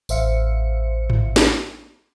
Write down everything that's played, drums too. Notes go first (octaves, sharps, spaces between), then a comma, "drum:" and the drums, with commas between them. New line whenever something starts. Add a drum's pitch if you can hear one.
A1 C5 E5 F5 C#7, drum: tambourine
drum: tom G#2
drum: snare